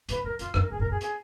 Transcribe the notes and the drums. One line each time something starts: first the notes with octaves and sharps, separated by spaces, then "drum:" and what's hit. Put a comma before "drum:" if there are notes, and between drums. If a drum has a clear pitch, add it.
G#2 B4, drum: hi-hat
F#2 A#4
F2 F4, drum: hi-hat
F#2, drum: rim click
A#4
F#2 G#4
G#2 A#4
F#2 G#4
G#4, drum: hi-hat